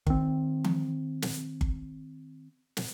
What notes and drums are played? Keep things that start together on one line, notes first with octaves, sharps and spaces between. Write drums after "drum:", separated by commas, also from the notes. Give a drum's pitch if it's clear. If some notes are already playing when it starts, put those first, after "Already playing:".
D#3 C4, drum: kick G1
drum: tom E3
drum: snare
drum: kick G1
drum: snare